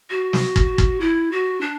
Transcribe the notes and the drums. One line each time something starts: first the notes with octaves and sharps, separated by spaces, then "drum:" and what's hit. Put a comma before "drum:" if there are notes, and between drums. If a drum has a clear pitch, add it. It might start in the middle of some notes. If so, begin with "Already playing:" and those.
F#4
drum: snare
drum: kick
drum: kick
E4
F#4
D4